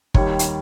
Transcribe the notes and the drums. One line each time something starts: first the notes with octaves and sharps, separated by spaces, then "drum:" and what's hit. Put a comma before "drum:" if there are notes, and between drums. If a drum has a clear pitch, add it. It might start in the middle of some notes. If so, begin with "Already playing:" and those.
D#2 D#3 G3 C#5, drum: kick
drum: hi-hat